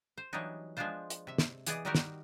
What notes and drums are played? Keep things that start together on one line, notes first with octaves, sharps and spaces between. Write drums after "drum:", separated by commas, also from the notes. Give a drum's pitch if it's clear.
C5
E3 F#3 G3 B3 D4 D#4
F3 G#3 B3 D4 F4 C5
drum: hi-hat
C3 E5
drum: snare
E3 B3 G#4 D5 D#5, drum: hi-hat
D#3 G3 D#4 F#4 G4 A#4
drum: snare